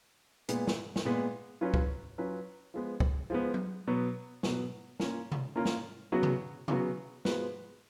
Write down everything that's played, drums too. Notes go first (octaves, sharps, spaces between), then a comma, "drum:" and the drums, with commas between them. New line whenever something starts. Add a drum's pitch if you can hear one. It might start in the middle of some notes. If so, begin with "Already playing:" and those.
A#2 G#3 B3, drum: hi-hat
drum: snare
drum: snare
A#2 G#3 B3
F#3 C#4 F4 B4
drum: kick
F#3 C#4 F4 B4
F3 G#3 B3
drum: kick
F3 G#3 B3
drum: tom F#3
B2 F#3 B3
B2 F#3 B3, drum: snare
A#3 C#4 F4 A#4, drum: snare
drum: tom C3
A#3 C#4 F4 A#4
drum: snare
C#3 F#3 B3 F#4
drum: tom C3
C#3 F#3 B3 F#4, drum: tom C3
F3 G#3 B3 F#4 B4, drum: snare